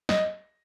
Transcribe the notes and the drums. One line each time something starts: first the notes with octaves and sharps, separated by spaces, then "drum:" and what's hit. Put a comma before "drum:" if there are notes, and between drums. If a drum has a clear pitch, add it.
D#5, drum: snare